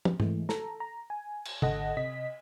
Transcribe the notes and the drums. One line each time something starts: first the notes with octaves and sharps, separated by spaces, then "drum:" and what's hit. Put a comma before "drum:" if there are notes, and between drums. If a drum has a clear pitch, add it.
drum: tom
E3 G#3 A3, drum: tom G#2
A4 A#5, drum: snare
A#5
G#5
drum: cymbal
G#1 D3 A4 D#5 F#5 A#6, drum: tom
C3 D#5 B6